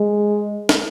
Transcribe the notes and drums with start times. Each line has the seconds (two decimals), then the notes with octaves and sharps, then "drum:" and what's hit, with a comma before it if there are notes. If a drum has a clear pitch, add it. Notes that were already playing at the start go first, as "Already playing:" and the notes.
Already playing: G#3
0.69 drum: snare